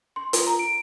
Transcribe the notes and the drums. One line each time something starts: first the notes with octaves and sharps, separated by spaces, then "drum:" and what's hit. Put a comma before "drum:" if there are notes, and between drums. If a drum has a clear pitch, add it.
C6
F4, drum: hi-hat
A#5
D7